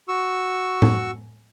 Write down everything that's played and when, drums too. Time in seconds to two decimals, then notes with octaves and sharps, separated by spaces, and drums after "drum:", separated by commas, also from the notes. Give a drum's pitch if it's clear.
0.08 F#4 C#6 E6
0.82 drum: tom A2